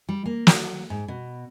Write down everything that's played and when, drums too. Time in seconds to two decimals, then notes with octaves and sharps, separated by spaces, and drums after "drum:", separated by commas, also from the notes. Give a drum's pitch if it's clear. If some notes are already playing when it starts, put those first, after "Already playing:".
0.09 G3
0.26 A#3
0.47 F#3, drum: snare
0.90 G#2
1.08 B2